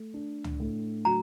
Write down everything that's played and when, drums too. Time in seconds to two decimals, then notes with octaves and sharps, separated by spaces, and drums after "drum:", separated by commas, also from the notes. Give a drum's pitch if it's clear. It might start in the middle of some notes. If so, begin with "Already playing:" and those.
Already playing: A3
0.14 D4
0.44 drum: tom C#2
0.60 A2
1.05 F#3 A#5